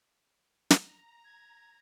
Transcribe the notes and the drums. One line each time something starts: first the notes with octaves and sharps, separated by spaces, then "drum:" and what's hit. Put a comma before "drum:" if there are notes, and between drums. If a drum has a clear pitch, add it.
A#5, drum: snare
G#6